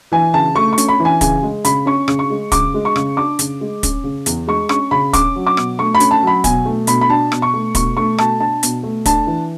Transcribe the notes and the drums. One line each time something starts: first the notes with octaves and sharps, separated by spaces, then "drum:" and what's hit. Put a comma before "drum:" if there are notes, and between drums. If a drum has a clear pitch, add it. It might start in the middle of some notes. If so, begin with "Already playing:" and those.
E3 G#5
C#3 A5
A3 C#6
C#6
C#4, drum: hi-hat
B5
E3
G#5
C#3 G#5, drum: kick, hi-hat
G#3
C#3 B5, drum: hi-hat
C#4 C#6
C#3, drum: rim click
C#6
G#3
C#3 D6, drum: kick, hi-hat
G#3
C#6
C#3, drum: rim click
D4 D6
C#3, drum: hi-hat
G#3
C#4, drum: kick, hi-hat
C#3
E2, drum: hi-hat
G#3 C#6
C#4 C#6, drum: rim click
C#3 B5
C#4 D6, drum: kick, hi-hat
F#3
D6
B2, drum: rim click
A3 C#6
B5
C#4, drum: hi-hat
A5
F#3 B5
B2 G#5, drum: kick, hi-hat
A3
B2 B5, drum: hi-hat
B5
D4 A5
B2, drum: rim click
C#6
A3
B2 C#6, drum: kick, hi-hat
A3 C#6
B2 A5, drum: rim click
D4 A5
B2, drum: hi-hat
A3
D4 A5, drum: kick, hi-hat
E3